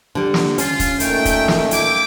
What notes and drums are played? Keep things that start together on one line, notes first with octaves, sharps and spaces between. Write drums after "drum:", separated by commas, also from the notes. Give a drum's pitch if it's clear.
D3 G3
drum: snare
C#4 F4, drum: hi-hat
drum: kick, hi-hat
A#2 D#3 A3 G5, drum: hi-hat
drum: kick, hi-hat
drum: snare
E4 G5 D6, drum: hi-hat